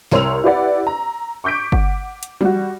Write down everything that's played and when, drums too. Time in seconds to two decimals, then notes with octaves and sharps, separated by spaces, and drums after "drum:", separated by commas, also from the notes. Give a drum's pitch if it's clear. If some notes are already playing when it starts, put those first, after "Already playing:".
0.11 C2 A#4 C#5 C6 E6 F7, drum: snare
0.44 E4 G4 B4 D5 F#5
0.87 A#5
1.44 C#6 D6 G6 B6 D7
1.72 F#5, drum: kick G1
2.23 drum: hi-hat
2.41 G3 F#4, drum: tom